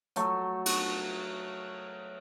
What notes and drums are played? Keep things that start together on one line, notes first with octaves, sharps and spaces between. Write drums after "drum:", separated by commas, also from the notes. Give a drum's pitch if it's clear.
F#3 A3, drum: hi-hat
drum: cymbal